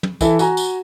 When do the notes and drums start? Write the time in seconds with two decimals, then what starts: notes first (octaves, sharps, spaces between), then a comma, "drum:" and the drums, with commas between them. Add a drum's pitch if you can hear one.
0.03 drum: tom
0.21 E3 E4 A4, drum: kick, tambourine
0.39 F#4 G#5 A#5, drum: tambourine
0.57 drum: tambourine